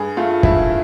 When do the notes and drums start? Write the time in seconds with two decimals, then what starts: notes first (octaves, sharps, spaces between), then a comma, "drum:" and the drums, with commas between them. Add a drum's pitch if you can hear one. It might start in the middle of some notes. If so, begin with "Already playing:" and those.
Already playing: G2 G#4
0.17 A3 F4
0.43 G2 E4, drum: kick